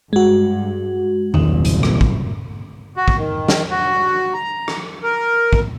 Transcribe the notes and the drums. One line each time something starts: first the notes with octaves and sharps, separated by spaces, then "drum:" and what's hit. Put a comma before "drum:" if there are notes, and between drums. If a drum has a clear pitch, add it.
G2 G#3 F#4
F#1 C2 A#2 D#3, drum: tom E2
drum: hi-hat
drum: rim click
drum: kick
F#4
drum: kick
D#3
drum: snare
F#4
A#5
drum: rim click
A#4
drum: kick